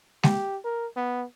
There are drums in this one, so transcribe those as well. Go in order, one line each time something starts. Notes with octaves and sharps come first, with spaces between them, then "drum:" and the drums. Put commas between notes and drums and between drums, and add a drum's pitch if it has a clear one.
G4, drum: snare G#3
A#4
B3